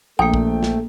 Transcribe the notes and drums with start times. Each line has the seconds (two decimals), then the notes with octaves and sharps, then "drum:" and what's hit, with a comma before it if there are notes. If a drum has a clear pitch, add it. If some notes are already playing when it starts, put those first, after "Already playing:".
0.19 A#1 A3 A#3 G5 D#6
0.34 drum: kick
0.63 drum: snare